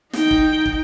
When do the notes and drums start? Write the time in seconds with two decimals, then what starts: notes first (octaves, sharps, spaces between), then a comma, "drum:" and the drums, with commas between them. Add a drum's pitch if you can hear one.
0.13 D#4 G5, drum: snare
0.31 drum: kick
0.66 drum: kick